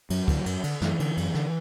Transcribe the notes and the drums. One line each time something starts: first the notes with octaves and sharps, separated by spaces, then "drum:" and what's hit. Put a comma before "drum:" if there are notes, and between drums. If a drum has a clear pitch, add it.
F#2 F#3, drum: cymbal
D3, drum: kick, cymbal
F#2, drum: cymbal
D3, drum: cymbal
F#2 E3, drum: snare
D3, drum: cymbal
F#2, drum: cymbal
D3, drum: snare